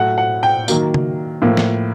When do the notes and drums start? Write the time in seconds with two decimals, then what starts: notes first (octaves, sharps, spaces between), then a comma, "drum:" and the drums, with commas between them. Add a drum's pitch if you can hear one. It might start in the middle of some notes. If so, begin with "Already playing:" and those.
Already playing: A2 F#3 A3 F#5
0.18 F#5
0.43 G5
0.68 D#3 F#3 A#3, drum: tambourine
0.94 drum: tom C#3
1.42 A2 F3 A#3
1.57 drum: snare